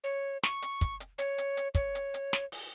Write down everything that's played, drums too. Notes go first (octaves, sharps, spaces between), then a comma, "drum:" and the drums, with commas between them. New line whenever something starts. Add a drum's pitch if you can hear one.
C#5
C#6, drum: snare
drum: hi-hat
drum: kick, hi-hat
drum: hi-hat
C#5, drum: hi-hat
drum: hi-hat
drum: hi-hat
C#5, drum: kick, hi-hat
drum: hi-hat
drum: hi-hat
drum: snare
drum: open hi-hat